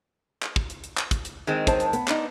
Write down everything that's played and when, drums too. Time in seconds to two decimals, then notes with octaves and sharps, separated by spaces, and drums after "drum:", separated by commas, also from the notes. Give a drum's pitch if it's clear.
0.42 drum: clap
0.56 drum: kick
0.70 drum: hi-hat
0.84 drum: hi-hat
0.97 drum: clap
1.11 drum: kick, hi-hat
1.25 drum: hi-hat
1.47 D#3 G#3 C4
1.67 C5 D#5 A5, drum: kick, hi-hat
1.80 drum: hi-hat
1.93 B3, drum: hi-hat
2.08 D4 D#4, drum: clap